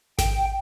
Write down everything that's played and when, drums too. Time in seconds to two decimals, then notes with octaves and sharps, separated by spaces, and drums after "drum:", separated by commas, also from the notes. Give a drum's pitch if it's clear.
0.19 G5, drum: snare G#1